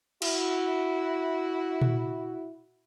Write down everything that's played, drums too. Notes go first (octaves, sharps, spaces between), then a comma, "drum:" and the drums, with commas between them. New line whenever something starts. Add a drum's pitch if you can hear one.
E4 F#4, drum: cymbal
drum: tom A#2